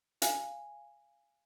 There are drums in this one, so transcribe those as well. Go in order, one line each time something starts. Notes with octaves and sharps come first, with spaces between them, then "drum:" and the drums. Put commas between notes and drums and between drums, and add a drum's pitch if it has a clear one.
F5 G#5, drum: hi-hat